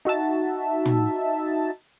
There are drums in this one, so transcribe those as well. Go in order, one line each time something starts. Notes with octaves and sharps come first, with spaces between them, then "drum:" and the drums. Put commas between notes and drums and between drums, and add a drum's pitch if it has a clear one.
D#4 F#4 E5 A5
drum: tom